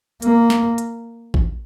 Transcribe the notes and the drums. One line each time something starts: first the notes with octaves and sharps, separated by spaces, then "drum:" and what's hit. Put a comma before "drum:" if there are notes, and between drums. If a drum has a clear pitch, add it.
A#3, drum: hi-hat
drum: snare
drum: hi-hat
drum: kick A1